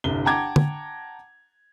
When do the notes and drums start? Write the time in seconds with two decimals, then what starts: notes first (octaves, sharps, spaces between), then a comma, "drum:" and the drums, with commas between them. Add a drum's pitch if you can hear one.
0.04 G1 C2 G7
0.25 F#5 G5 A5 A#5 D6 G#6
0.56 drum: tom